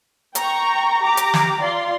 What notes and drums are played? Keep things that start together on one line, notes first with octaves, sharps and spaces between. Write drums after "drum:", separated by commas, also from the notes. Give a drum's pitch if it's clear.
G5 A#5 C#6, drum: hi-hat
G4 A#5 D6
drum: hi-hat
drum: snare
F4 D5 C6